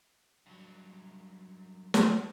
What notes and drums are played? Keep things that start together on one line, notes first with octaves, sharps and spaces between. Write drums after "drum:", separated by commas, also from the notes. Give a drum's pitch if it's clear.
G2 F#3
drum: snare